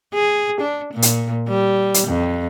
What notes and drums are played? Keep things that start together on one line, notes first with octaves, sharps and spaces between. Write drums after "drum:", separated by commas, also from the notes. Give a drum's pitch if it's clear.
G#4
D4
A#2
drum: hi-hat
G3
drum: hi-hat
F2